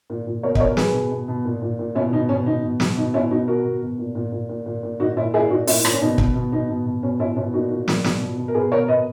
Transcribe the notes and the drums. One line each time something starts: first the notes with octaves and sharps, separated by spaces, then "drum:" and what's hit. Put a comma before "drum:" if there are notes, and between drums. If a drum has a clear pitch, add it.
A#2
A#2
B2 A#4 C#5
D#5, drum: kick
B2 A#4 C#5
B2 G#4 B4, drum: snare
B2
B2
B2
A#2
A#2
A#2
B2 C#4 E4
B2 D#4
B2 C#4
B2 D#4
B2
B2, drum: snare
B2 D#4
B2 C#4 E4
B2 D#4 F#4
B2 F#4 A#4
B2
B2
A#2
A#2
A#2
A#2
A#2
A#2
A#2 D#4 F#4
A#2 C#4 E4
A#2 E4 G#4
A#2 D#4 F#4
A#2 C#4 E4, drum: open hi-hat
A#2, drum: rim click
C#4
B2 D#4
B2, drum: kick
B2
B2 D#4
B2
B2
B2 C#4
B2 C#4 E4
B2 C#4 E4
A#2 D#4 F#4
A#2
A#2, drum: snare
B2, drum: snare
B2
B2
A#4
B2 G#4 B4
B2 A#4 C#5
B2 B4 D#5